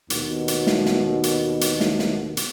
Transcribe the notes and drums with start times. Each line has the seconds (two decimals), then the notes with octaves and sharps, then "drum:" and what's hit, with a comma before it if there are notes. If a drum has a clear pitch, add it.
0.10 D#2 B2, drum: hi-hat
0.48 drum: hi-hat
0.67 drum: snare
0.86 drum: snare
1.23 drum: hi-hat
1.61 drum: hi-hat
1.80 drum: snare
1.99 drum: snare
2.37 drum: hi-hat